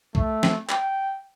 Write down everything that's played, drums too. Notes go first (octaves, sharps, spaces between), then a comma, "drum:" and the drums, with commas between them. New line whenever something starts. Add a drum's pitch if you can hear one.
A3, drum: kick
drum: snare
G5, drum: clap